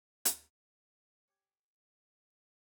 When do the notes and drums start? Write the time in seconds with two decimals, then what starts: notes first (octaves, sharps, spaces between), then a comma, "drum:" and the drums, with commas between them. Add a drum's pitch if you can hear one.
0.25 drum: hi-hat
1.28 C#4 G4 C#5